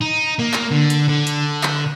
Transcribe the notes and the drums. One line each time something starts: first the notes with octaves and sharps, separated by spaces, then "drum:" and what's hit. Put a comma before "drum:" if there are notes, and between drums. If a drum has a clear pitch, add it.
D#4
A#3
drum: clap
D3
drum: hi-hat
D3
drum: hi-hat
drum: clap